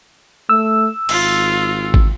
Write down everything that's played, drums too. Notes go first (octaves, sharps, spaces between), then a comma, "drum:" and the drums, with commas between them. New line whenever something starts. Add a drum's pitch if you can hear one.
A3 E6
G#1 F4, drum: cymbal
drum: kick G#1